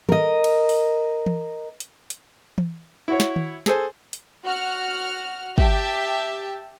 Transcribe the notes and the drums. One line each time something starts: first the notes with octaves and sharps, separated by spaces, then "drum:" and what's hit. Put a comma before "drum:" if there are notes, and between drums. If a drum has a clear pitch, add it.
A#4 D#5, drum: tom D#3
drum: cymbal
drum: open hi-hat
drum: tom E3
drum: hi-hat
drum: hi-hat
drum: tom E3
E4 F#4 C#5
drum: snare
drum: tom D#3
G#4 A4 C5 G#5, drum: snare
drum: hi-hat
F#4 F#5 F6
G4 E5 A5, drum: kick